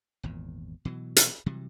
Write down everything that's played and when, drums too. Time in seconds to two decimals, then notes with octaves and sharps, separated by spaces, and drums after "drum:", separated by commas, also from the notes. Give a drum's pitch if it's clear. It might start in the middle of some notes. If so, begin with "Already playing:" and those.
0.23 G#1 E2 A#2
0.85 B2 E3 F#3
1.16 drum: hi-hat
1.46 C3 E3 F#3 G3